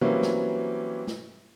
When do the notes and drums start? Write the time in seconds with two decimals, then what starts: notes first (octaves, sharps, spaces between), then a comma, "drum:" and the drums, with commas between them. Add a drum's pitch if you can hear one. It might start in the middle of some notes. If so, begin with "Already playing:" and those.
0.01 E3 F#3 G3 A#3 C4 C#4
0.23 drum: snare
1.07 drum: snare